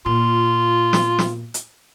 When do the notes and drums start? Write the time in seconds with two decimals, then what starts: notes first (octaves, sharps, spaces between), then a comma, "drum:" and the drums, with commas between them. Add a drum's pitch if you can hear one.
0.06 A#2 F4
0.93 drum: snare
1.19 drum: snare
1.54 drum: hi-hat